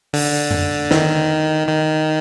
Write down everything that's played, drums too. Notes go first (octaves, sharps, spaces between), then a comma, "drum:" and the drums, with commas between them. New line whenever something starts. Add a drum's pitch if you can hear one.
D3, drum: open hi-hat
drum: tom
D#3, drum: snare
D#3